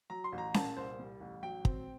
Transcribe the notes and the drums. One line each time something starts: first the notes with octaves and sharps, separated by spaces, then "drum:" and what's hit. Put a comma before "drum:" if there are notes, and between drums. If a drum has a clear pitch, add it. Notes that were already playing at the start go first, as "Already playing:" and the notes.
F#3 A#5
C6
A1
A#5
A#2 A5, drum: snare C#4
C2 C5
G3
A1
F#3 G5
C4, drum: kick